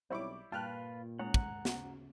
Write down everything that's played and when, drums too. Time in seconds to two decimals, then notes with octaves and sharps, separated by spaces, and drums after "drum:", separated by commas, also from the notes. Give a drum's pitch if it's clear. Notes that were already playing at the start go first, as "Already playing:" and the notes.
0.10 B1 G3 C4 E4 C#5 D6
0.52 G2 A#2 F4 B4 G5 A5 F6 F#6
1.19 G#2 C#4 F#5 A#5
1.34 drum: kick
1.65 C#3 F#4, drum: snare